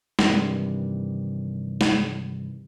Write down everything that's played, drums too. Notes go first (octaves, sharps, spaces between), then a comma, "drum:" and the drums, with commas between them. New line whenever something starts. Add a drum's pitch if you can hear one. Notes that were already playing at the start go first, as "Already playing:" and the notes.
G2 C3 D#3 E3 G3, drum: snare
drum: snare